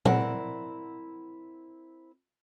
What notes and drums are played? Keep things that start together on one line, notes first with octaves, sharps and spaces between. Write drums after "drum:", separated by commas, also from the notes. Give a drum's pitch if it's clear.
C4 E4 A#4 D5 F#5, drum: tom A#2